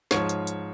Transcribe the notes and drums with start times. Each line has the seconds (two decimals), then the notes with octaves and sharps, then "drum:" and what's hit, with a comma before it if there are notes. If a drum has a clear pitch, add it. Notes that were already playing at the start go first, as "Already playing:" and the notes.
0.11 G#2 F3 C#5, drum: snare
0.29 drum: hi-hat
0.47 drum: hi-hat